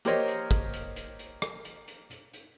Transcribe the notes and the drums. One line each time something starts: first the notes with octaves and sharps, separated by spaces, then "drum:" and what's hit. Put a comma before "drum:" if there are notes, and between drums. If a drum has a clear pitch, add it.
A#3 G4 A#4 C5 C#5 D#5, drum: hi-hat
drum: hi-hat
drum: kick, hi-hat
drum: hi-hat
drum: hi-hat
drum: hi-hat
drum: rim click
drum: hi-hat
drum: hi-hat
drum: hi-hat
drum: hi-hat